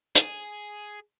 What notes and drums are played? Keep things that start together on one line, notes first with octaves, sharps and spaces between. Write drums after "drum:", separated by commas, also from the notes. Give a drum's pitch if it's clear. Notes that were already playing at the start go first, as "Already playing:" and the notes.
G#4, drum: hi-hat